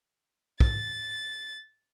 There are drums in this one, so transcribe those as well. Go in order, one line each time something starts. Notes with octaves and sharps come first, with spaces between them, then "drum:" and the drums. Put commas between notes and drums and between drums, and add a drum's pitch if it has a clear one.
A6, drum: kick